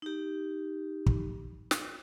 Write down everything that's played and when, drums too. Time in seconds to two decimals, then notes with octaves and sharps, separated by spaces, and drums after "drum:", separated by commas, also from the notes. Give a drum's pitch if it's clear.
0.02 D#4 G4
1.06 drum: kick
1.71 drum: snare